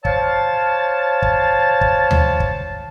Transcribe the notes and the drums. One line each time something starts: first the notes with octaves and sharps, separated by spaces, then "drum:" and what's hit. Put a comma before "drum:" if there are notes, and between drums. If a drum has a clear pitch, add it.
C5 C#5 F5 A5, drum: kick
drum: kick
drum: kick
drum: tom D2
drum: kick